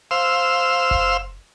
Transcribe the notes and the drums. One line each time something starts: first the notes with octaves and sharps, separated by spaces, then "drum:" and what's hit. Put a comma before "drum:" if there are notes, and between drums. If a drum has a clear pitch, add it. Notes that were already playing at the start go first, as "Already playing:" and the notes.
C5 F5 E6
drum: kick F#1